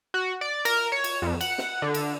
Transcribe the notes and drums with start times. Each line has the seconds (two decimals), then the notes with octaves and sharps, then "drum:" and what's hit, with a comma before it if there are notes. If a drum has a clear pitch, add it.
0.14 F#4
0.41 D5
0.65 A#4, drum: cymbal
0.92 C#5
1.04 drum: cymbal
1.22 F2
1.41 F#5, drum: cymbal
1.58 drum: snare
1.82 D3
1.94 drum: cymbal